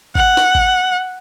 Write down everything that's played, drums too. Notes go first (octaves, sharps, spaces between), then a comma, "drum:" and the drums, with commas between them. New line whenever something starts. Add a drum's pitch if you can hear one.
F#5, drum: kick G#1
drum: snare
drum: kick G#1